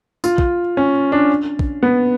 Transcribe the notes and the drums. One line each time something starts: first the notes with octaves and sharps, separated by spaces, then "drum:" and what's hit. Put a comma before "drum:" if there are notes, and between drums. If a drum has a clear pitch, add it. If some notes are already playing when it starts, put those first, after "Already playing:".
F4, drum: tambourine
drum: kick
C#4
D4
drum: kick
B3